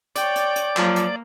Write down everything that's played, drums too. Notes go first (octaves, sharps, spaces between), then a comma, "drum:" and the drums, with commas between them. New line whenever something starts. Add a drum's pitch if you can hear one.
C#5 D5 G5, drum: hi-hat
drum: hi-hat
drum: hi-hat
F3 F#3 A#3, drum: clap
drum: hi-hat